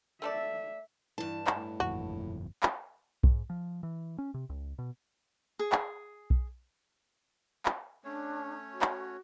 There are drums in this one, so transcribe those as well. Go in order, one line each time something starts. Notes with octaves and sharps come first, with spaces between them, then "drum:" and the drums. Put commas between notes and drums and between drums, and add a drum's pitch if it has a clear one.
A3 A4 D5 E5
G2 E3 A5
drum: clap
A2
G1 F2 A#2 F#4
drum: clap
G#2, drum: kick B1
F3
E3
C#4
C3
C#2
B2
G#4
drum: clap
drum: kick B1
drum: clap
A3 C#4 D4 C#5
F#4
drum: clap